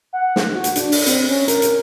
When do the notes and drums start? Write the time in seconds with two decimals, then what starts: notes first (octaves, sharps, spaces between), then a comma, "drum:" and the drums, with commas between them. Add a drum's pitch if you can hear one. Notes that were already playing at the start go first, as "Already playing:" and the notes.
0.13 F#5
0.36 drum: snare
0.55 F#4
0.64 drum: hi-hat
0.76 D4, drum: hi-hat
0.92 drum: open hi-hat
1.06 C4, drum: hi-hat
1.28 C#4
1.48 A#4, drum: hi-hat
1.62 drum: hi-hat